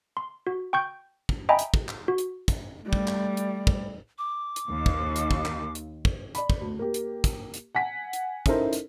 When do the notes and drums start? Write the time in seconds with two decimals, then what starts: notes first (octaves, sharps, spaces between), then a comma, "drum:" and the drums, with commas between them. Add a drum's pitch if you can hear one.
0.17 C6
0.47 F#4
0.73 G5 C#6 G6
1.29 drum: kick
1.49 D#5 E5 G5 G#5 A#5 B5
1.59 drum: hi-hat
1.74 drum: kick
1.88 drum: clap
2.08 F#4
2.18 drum: hi-hat
2.48 drum: kick, hi-hat
2.83 G3 A3
2.93 drum: kick
3.07 drum: clap
3.37 drum: hi-hat
3.67 drum: kick
4.18 D6
4.56 drum: hi-hat
4.69 D#2
4.86 drum: kick
5.16 drum: hi-hat
5.31 drum: kick
5.45 drum: clap
5.75 drum: hi-hat
6.05 drum: kick
6.35 D5 B5, drum: hi-hat
6.50 drum: kick
6.61 D2
6.79 A#3 G4
6.94 drum: hi-hat
7.24 drum: kick, hi-hat
7.54 drum: hi-hat
7.75 F#5 G#5 B6
8.13 drum: hi-hat
8.46 C#4 D#4 E4 A4 A#4 C5, drum: kick, hi-hat
8.73 drum: hi-hat